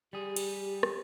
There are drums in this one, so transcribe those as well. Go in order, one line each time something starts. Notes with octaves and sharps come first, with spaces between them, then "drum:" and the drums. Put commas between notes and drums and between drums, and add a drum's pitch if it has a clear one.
G3 G4 G#4
drum: cymbal
drum: rim click